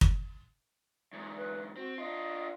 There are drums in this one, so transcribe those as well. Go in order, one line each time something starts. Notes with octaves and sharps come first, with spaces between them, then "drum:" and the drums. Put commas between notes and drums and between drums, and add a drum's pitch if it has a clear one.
drum: kick
E2 G#2
B4
C4 F#4
D4 F4 D#5